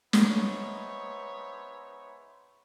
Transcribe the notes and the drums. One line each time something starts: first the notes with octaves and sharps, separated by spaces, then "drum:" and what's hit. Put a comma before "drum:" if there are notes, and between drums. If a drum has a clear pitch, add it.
G#3 B3 D#4 C5 C#5 E5, drum: snare